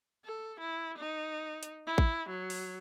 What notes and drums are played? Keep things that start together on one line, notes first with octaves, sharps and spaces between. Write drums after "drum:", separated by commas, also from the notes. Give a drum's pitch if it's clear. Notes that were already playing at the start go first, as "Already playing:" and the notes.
A4
E4
D#4
drum: hi-hat
E4
drum: kick A1
F#3
drum: open hi-hat